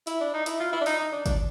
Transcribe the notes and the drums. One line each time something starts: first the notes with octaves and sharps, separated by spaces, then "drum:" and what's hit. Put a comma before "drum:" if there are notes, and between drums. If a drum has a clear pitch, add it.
E4, drum: hi-hat
D4
D#4
E4, drum: hi-hat
F4
E4
D4
D#4, drum: open hi-hat
D#4
D4
D4, drum: kick, hi-hat